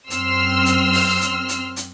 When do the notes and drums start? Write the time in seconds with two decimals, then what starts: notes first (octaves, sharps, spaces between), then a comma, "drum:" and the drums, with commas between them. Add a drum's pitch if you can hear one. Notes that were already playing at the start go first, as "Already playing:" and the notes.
0.10 F#2 C4 C6 E6 F6, drum: hi-hat
0.66 drum: hi-hat
0.93 drum: open hi-hat
1.21 drum: hi-hat
1.49 drum: hi-hat
1.76 drum: hi-hat